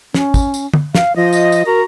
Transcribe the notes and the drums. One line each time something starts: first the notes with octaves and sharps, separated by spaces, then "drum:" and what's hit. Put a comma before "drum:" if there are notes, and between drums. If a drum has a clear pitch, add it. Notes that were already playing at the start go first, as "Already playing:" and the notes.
C#4, drum: snare
drum: kick, tambourine
drum: tambourine
drum: tom
F5, drum: snare
F3 D#5
drum: tambourine
drum: tambourine
F#4 A#4 A#5